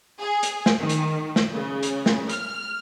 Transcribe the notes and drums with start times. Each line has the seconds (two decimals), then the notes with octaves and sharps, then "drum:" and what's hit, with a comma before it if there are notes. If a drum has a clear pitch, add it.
0.20 G#4
0.43 drum: hi-hat
0.66 drum: snare
0.79 D#3
0.89 drum: hi-hat
1.36 drum: snare
1.53 C#3
1.83 drum: hi-hat
2.06 drum: snare
2.29 F6, drum: hi-hat